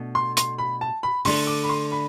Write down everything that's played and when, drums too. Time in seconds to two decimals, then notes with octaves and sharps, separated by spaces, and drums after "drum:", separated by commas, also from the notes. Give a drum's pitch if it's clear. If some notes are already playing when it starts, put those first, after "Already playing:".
Already playing: B2 A3 D4 A4
0.15 C6
0.37 C6, drum: hi-hat
0.58 B5
0.81 A5
1.03 B5
1.25 D3 A3 D4 A4 C6, drum: open hi-hat
1.47 D6
1.64 B5
1.69 C6
1.92 B5